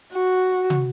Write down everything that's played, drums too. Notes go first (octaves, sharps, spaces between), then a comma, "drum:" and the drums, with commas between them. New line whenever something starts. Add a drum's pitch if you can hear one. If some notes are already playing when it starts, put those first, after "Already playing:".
F#4
drum: tom